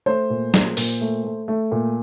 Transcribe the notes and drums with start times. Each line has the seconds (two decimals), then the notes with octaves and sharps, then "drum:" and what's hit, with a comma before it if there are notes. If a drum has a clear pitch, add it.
0.06 A3 C5
0.30 A#2
0.54 A#2, drum: snare
0.77 A#2, drum: open hi-hat
1.01 A3
1.24 A3
1.48 A3
1.72 A#2